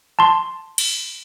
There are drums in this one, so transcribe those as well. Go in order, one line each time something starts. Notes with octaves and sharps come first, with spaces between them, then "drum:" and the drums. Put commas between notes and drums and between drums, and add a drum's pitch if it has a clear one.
A5 C6
drum: cymbal